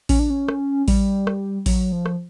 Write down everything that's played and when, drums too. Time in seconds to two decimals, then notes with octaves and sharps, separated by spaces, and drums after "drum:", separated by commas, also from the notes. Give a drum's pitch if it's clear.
0.09 C#4, drum: kick A1, open hi-hat
0.19 D4
0.30 C#4
0.48 drum: rim click
0.88 G3, drum: kick A1, open hi-hat
1.27 drum: rim click
1.66 F#3, drum: kick A1, open hi-hat
1.92 F3
2.06 drum: rim click